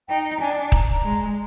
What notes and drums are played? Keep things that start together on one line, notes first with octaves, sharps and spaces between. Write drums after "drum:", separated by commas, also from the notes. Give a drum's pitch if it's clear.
D#4 G5
A#5
D4 G#5
A#5, drum: kick D#1
A#5
G#3